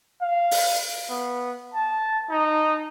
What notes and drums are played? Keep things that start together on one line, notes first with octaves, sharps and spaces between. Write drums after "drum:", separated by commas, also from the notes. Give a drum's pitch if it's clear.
F5
drum: open hi-hat
B3
A5
D#4